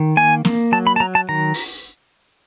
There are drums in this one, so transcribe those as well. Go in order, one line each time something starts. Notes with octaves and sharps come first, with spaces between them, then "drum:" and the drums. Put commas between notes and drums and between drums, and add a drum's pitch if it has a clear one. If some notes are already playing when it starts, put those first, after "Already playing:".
Already playing: D#3
A#3 G#5
A#3, drum: snare
F#3 A5
B5
A5
F#3 A#5
A5
D#3 A#5
drum: open hi-hat